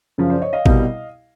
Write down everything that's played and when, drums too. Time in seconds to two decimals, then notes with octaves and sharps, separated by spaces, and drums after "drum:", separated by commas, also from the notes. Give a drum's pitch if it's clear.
0.18 F#2 C#3 F3
0.30 C5 D5
0.42 C#5 D#5
0.53 D#5 F5
0.66 C2 B2 G3, drum: kick G#1